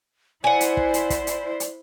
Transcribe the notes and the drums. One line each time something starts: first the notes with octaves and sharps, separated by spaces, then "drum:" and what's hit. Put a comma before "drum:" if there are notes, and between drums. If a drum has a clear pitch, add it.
E4 C5 D5 F#5 G#5
drum: hi-hat
drum: kick
drum: hi-hat
drum: kick, hi-hat
drum: hi-hat
drum: hi-hat